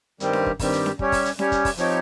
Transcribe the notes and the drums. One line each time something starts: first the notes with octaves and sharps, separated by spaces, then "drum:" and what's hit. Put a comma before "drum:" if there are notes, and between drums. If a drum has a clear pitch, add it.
G2 D#3 G3 C4 G4, drum: hi-hat
drum: snare C#4
drum: kick
G2 D#3 G3 C4 G4, drum: kick, open hi-hat
drum: hi-hat
drum: snare C#4
G3 C#4 G4 C#5, drum: kick
drum: kick, open hi-hat
drum: hi-hat
G3 C#4 G4 C#5, drum: snare C#4
drum: kick, hi-hat
drum: kick, open hi-hat
F3 C4 D#4 G4 C#5, drum: hi-hat